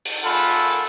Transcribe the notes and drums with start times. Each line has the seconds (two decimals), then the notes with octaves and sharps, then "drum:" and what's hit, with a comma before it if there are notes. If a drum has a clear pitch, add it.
0.05 drum: open hi-hat
0.23 A3 F4 G#4 A4 F#5 B5